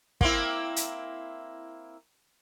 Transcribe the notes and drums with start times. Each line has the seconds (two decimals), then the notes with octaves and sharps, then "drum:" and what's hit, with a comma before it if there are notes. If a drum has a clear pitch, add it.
0.21 A#3 C4 E4, drum: kick
0.76 drum: hi-hat